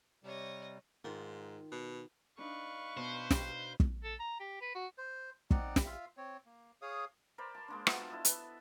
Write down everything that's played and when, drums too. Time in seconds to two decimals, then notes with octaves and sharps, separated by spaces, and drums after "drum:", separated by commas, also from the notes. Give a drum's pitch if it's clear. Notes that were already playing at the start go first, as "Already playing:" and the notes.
0.24 C3 G3 C#5 D#5
1.04 G#2 D#3 F4
1.72 B2
2.38 D4 D#4 B4 F5 C#6
2.97 B2 C5
3.31 drum: snare
3.80 drum: kick
4.04 A4
4.20 A#5
4.40 G4
4.61 B4
4.75 F#4
4.98 C5
5.51 C4 D#4 D5 F#5, drum: kick
5.76 drum: snare
5.86 F4 E5 F5
6.17 C4 C#5
6.46 A#3
6.82 G#4 C#5 F5 D#6
7.38 A#4 C5 D5 B5
7.55 A5 C6
7.68 G#3 A#3 D4
7.87 B3 F4 F#4 E5, drum: rim click
8.10 E4 A4 D#5 A5
8.25 B4, drum: hi-hat